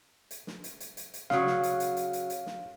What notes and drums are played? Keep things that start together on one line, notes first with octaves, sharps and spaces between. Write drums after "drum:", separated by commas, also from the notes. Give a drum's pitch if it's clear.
drum: hi-hat
drum: snare
drum: hi-hat
drum: hi-hat
drum: hi-hat
drum: hi-hat
C#3 F#3 F5, drum: snare
drum: snare
drum: hi-hat
drum: hi-hat
drum: hi-hat
drum: hi-hat
drum: hi-hat
drum: snare